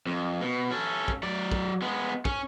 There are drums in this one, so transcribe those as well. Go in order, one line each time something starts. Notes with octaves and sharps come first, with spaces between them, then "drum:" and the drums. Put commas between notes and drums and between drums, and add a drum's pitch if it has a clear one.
F2
B2
C#4 A4
drum: kick
F#3 D5
drum: kick
G#3 B3
C#4, drum: kick